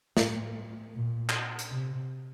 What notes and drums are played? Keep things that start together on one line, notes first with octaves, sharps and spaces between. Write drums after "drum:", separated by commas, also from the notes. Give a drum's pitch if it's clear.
A2, drum: snare
A#2
drum: clap
drum: hi-hat
C3